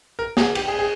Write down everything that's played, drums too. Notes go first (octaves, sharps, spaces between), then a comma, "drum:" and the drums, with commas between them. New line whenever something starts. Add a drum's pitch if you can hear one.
A#4
G#4, drum: snare
G4, drum: cymbal
G#4
G#4